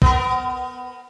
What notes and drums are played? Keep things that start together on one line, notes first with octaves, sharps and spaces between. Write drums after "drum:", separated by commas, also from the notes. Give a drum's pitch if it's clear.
B3 A#4, drum: kick